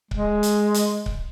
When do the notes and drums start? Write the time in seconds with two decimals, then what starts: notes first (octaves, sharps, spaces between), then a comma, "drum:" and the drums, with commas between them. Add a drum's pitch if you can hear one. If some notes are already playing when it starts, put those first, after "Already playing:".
0.11 G#3, drum: kick C#1
0.43 drum: hi-hat
0.74 drum: hi-hat
1.06 drum: kick C#1